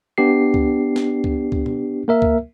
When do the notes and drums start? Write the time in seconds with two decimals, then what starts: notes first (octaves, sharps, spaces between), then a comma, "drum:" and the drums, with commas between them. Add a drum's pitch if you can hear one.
0.18 B3 D4 G4 C7
0.54 drum: kick C#2
0.96 drum: snare
1.24 drum: kick C#2
1.52 drum: kick C#2
1.66 drum: tom B2
2.08 A#3 A#4 E5
2.22 drum: kick C#2